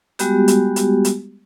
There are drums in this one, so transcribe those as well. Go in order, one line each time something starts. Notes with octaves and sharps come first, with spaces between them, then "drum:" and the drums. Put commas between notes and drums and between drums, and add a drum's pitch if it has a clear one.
G3 G#3 B3 F#4 G4, drum: hi-hat
drum: hi-hat
drum: hi-hat
drum: hi-hat